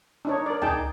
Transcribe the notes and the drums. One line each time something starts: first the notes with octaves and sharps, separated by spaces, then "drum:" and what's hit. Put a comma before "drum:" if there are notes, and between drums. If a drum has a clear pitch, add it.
D4 D#4 C#5
A#4 D5
D#4 G#4 D5 G5 A5, drum: tom C#2